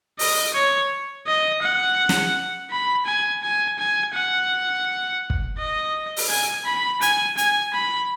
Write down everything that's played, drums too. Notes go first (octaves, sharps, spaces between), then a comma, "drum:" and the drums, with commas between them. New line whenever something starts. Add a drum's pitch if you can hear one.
D#5, drum: open hi-hat
C#5
D#5
F#5
drum: snare
B5
G#5
G#5
G#5
F#5
drum: kick
D#5
drum: open hi-hat
G#5
B5
G#5, drum: hi-hat
G#5, drum: hi-hat
B5